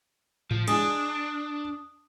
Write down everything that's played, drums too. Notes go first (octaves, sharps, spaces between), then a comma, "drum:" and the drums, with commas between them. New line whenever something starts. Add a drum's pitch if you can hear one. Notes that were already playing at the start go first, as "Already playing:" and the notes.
F3, drum: tom A2
G#3 D4 D#6, drum: cymbal